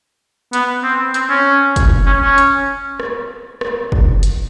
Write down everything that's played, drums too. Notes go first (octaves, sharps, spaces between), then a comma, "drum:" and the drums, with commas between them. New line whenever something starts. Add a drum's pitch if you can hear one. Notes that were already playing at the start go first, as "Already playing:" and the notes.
B3, drum: hi-hat
C4
C4, drum: hi-hat
C#4
drum: kick, hi-hat
C#4
C#4
drum: hi-hat
drum: rim click
drum: rim click
drum: kick
drum: hi-hat